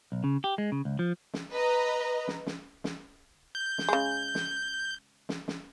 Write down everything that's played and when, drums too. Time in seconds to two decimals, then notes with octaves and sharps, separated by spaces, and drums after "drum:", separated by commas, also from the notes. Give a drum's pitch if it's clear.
0.12 B1
0.24 C#3
0.44 G4
0.58 G#3
0.72 C#3
0.85 C#2
0.99 F3
1.34 drum: snare
1.52 B4 D#5 A#5
2.28 drum: snare
2.46 drum: snare
2.84 drum: snare
3.55 G6
3.78 drum: snare
3.88 C#3 G#3
4.35 drum: snare
5.29 drum: snare
5.48 drum: snare